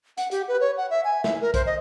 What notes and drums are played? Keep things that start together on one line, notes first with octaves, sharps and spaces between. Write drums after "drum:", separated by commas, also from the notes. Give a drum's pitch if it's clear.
F#5, drum: hi-hat
G4, drum: hi-hat
B4
C#5
F#5
E5
G#5
E5, drum: snare
A#4
C5, drum: kick, hi-hat
D#5